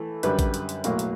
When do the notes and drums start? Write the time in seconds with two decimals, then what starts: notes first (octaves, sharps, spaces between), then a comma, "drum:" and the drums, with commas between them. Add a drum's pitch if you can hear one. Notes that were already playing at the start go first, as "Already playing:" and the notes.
Already playing: E3 A3
0.23 F#2 D3 G3 B4, drum: hi-hat
0.39 drum: kick A1, hi-hat
0.54 drum: hi-hat
0.69 drum: hi-hat
0.84 B1 A2 F#3 A#3, drum: hi-hat
0.99 drum: hi-hat